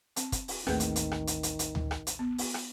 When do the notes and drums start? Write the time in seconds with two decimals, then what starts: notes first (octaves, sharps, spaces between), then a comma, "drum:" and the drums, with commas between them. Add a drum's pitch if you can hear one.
0.16 C4, drum: hi-hat
0.32 drum: kick, hi-hat
0.48 drum: open hi-hat
0.67 A1 D#2 D#3 A3 C4 G#4 B4, drum: rim click
0.80 drum: hi-hat
0.96 drum: hi-hat
1.11 drum: rim click
1.27 drum: hi-hat
1.43 drum: hi-hat
1.59 drum: hi-hat
1.75 drum: tom D2
1.91 drum: rim click
2.07 drum: hi-hat
2.19 B3
2.38 drum: open hi-hat
2.54 drum: rim click